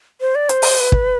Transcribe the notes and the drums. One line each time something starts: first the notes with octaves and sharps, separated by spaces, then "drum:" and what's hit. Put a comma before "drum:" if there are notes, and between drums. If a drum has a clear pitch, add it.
C5
D5
C5, drum: hi-hat
drum: open hi-hat
B4
drum: kick